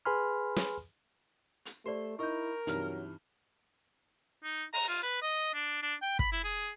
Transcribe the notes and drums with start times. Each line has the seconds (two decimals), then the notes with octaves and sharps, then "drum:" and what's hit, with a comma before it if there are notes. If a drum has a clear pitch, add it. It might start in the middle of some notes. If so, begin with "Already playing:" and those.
0.05 G#4 B4 G#5 B5 C6 F6
0.56 drum: snare
1.65 drum: hi-hat
1.86 A3 G4 C5 D5 C6
2.19 D#4 E4 A#4 D#5 C#6 G6
2.67 G2 C3 E3 F#3 D#4 F6, drum: hi-hat
4.43 D#4
4.73 A#5, drum: open hi-hat
4.88 F4
5.03 B4
5.22 D#5
5.54 D4
5.83 D4
6.02 G5
6.19 B5, drum: kick
6.32 E4
6.44 G#4